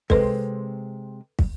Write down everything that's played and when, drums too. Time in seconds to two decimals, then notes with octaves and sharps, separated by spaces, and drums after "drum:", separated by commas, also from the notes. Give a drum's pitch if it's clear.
0.10 C3 G#3 C4 A4 B4, drum: kick
1.39 drum: kick